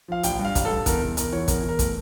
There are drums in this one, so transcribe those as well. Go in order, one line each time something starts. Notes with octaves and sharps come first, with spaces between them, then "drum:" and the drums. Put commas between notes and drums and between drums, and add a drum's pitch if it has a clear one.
F3 F5
A1 G5, drum: hi-hat
G2
F5
A1, drum: kick, hi-hat
A4
G2
E2 A#4, drum: kick, hi-hat
E2
E2 A#4, drum: hi-hat
E3 C#5
E2 A#4, drum: kick, hi-hat
E2
A#4
A3, drum: kick, hi-hat